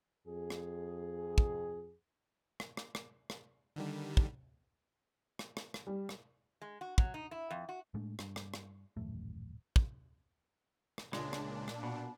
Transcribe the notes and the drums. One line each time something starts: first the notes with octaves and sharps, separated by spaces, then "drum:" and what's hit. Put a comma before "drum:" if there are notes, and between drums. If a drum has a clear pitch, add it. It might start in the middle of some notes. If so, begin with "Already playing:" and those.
F2 G#4
drum: rim click
drum: kick
drum: rim click
drum: rim click
drum: rim click
drum: rim click
D3 D#3 G3
drum: kick
drum: rim click
drum: rim click
drum: rim click
G3
drum: rim click
G#3
F#4
F#3, drum: kick
D#4
E4
F2
F#4
A2 G#3 A3 D4
G2, drum: rim click
drum: rim click
drum: rim click
D#1 A1 F#2 A3
drum: kick
drum: rim click
C#2 G2 A#2 G#3 D4, drum: rim click
drum: rim click
drum: rim click
B2